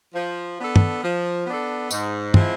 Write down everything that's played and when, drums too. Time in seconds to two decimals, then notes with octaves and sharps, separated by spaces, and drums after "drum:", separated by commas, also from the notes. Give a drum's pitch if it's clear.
0.14 F3
0.59 B3 D4 A4
0.76 drum: tom
1.03 F3
1.47 B3 D4 A4
1.91 G#2, drum: tambourine
2.34 F3 G#3 C4 E4, drum: tom